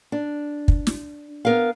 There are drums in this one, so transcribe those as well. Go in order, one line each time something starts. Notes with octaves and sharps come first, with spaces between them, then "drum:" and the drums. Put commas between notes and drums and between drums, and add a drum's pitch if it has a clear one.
D4
drum: kick
drum: snare
B3 A#4 F5